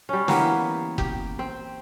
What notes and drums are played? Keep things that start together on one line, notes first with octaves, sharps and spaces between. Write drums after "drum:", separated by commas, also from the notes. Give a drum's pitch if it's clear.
G3 C#4
E3 A#3 B3 G4, drum: snare
G4, drum: kick F#1
C4